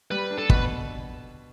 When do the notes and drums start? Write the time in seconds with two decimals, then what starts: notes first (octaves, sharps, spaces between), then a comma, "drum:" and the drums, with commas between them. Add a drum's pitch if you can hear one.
0.11 G3 B4
0.31 D4
0.38 A4
0.50 B2 B4, drum: kick